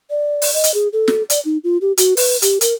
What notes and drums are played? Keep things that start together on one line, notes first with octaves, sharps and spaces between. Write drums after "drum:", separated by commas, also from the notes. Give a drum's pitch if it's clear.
D5
drum: open hi-hat
D#5
drum: hi-hat
G#4
A4
drum: snare
D5, drum: hi-hat
D#4
F4
G4
F#4, drum: hi-hat
B4, drum: open hi-hat
G4, drum: hi-hat
A#4, drum: hi-hat